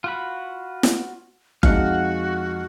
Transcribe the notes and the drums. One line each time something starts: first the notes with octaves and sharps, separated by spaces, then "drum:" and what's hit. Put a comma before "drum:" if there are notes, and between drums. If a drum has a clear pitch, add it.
F4 F#4 B5
drum: snare
F2 G#3 D#4 F#4 F5 F#5, drum: kick F#1